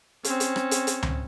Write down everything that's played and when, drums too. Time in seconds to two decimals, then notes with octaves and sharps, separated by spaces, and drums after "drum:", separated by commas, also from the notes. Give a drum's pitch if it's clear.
0.24 C4 C#4, drum: hi-hat
0.40 drum: hi-hat
0.56 drum: rim click
0.71 drum: hi-hat
0.87 drum: hi-hat
1.03 drum: tom C#2